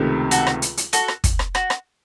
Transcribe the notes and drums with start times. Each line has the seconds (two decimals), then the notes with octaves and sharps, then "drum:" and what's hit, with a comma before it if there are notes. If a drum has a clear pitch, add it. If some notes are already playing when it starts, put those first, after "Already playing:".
Already playing: C#2 C3 D#3 A3
0.31 F#4 A4, drum: hi-hat
0.47 drum: rim click
0.62 drum: hi-hat
0.77 drum: hi-hat
0.93 F#4 A4, drum: hi-hat
1.08 drum: rim click
1.24 drum: kick, hi-hat
1.39 drum: rim click
1.55 F#4, drum: rim click
1.70 drum: rim click